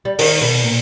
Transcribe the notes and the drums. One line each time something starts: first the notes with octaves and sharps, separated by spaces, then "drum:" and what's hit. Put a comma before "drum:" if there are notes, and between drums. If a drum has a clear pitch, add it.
G3
D#3, drum: open hi-hat
B2
A#2